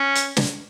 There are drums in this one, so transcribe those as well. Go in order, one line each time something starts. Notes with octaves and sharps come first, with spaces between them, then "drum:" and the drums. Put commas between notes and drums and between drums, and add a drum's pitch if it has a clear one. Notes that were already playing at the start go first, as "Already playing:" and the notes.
Already playing: C#4
drum: hi-hat
drum: snare